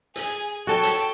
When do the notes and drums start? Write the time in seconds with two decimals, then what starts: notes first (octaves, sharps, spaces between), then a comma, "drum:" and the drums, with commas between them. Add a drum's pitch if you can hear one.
0.16 G#4 G#5, drum: hi-hat
0.67 F#4 A4 C#5 G5 A5
0.83 drum: hi-hat